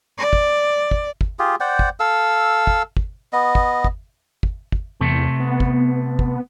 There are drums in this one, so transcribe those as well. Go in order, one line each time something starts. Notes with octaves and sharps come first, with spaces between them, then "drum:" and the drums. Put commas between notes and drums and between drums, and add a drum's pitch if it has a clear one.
D5
drum: kick
drum: kick
drum: kick
F4 G4 G#4
C5 D5 F#5 G5
drum: kick
A4 F5 E6
drum: kick
drum: kick
B3 D#5
drum: kick
drum: kick
drum: kick
drum: kick
E2 C3 A3
B3
drum: kick
drum: kick